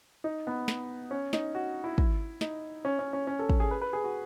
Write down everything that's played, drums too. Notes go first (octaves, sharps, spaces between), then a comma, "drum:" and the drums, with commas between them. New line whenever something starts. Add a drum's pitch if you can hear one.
D#4
B3
drum: snare
C#4
D#4, drum: snare
F#4
E4
drum: kick
D#4, drum: snare
C#4
C#4
C#4
C#4
A4
drum: kick
G#4
B4
B4
G#4
F#4